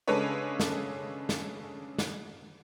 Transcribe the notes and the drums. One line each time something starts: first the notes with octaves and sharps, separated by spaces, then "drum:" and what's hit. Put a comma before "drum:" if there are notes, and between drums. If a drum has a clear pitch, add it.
C#3 G#3 D4 A4 B4 C#5
drum: snare
drum: snare
drum: snare